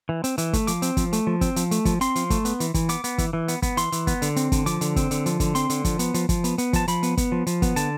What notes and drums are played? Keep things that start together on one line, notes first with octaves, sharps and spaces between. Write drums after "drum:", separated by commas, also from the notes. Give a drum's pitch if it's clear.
E3
C4, drum: hi-hat
E3, drum: hi-hat
A3, drum: kick, hi-hat
F3 D6, drum: hi-hat
C4, drum: hi-hat
F3, drum: kick, hi-hat
A3, drum: hi-hat
F3
C4, drum: kick, hi-hat
F3, drum: hi-hat
A3, drum: hi-hat
F3, drum: kick, hi-hat
C4 C6, drum: hi-hat
F3, drum: hi-hat
A3, drum: kick, hi-hat
B3, drum: hi-hat
E3, drum: hi-hat
E3, drum: kick, hi-hat
B3 D6, drum: hi-hat
B3, drum: hi-hat
E3, drum: kick, hi-hat
E3
B3, drum: hi-hat
B3, drum: kick, hi-hat
E3 C6, drum: hi-hat
E3, drum: hi-hat
B3, drum: kick, hi-hat
D3, drum: hi-hat
C4, drum: hi-hat
D3, drum: kick, hi-hat
F3 D6, drum: hi-hat
D3, drum: hi-hat
C4, drum: kick, hi-hat
D3, drum: hi-hat
F3, drum: hi-hat
D3, drum: kick, hi-hat
C4 C6, drum: hi-hat
D3, drum: hi-hat
F3, drum: kick, hi-hat
B3, drum: hi-hat
F3, drum: hi-hat
F3, drum: kick, hi-hat
B3, drum: hi-hat
B3, drum: hi-hat
F3 A5, drum: kick, hi-hat
F3 B5, drum: hi-hat
B3, drum: hi-hat
B3, drum: kick, hi-hat
F3
F3, drum: hi-hat
B3, drum: kick, hi-hat
D3 A5, drum: hi-hat